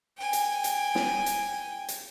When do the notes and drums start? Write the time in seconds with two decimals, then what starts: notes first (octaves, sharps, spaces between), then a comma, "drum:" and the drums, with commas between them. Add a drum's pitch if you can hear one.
0.17 G5 G#5
0.33 drum: hi-hat
0.64 drum: hi-hat
0.95 drum: snare
1.26 drum: hi-hat
1.88 drum: hi-hat